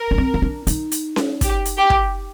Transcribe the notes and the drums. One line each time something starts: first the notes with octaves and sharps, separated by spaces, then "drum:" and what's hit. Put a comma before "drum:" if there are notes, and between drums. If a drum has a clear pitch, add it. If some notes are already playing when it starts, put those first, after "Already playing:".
Already playing: A#4
D4
C4
D#4
D4
D#4, drum: hi-hat
drum: hi-hat
drum: snare C#4
G4, drum: kick, hi-hat
drum: hi-hat
G4
drum: kick